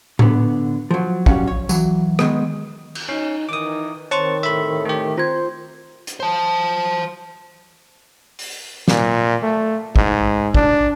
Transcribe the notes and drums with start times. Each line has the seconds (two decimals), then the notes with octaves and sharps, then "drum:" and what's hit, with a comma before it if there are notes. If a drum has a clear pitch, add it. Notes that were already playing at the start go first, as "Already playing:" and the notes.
0.19 D3 B3, drum: tom A2
0.91 F3 F#3
1.26 F#3 G3 C#4 F#4 F5 F#5, drum: kick
1.47 C#5
1.69 E3 F#3, drum: tambourine
2.19 D#3 G#3 B3, drum: rim click
2.95 drum: cymbal
3.09 C#4 D#4
3.49 D#3 E3 D6 D#6
4.11 D#3 C4 C#5 A5 C6 C#6 A6
4.43 A2 C3 A4 E5 B5
4.85 A3 G4
5.18 C4 F4 C5 G#6
6.07 drum: hi-hat
6.20 C5 A5
8.39 drum: open hi-hat
8.88 A#2, drum: snare
9.43 A3
9.96 G#2, drum: kick
10.54 D4, drum: kick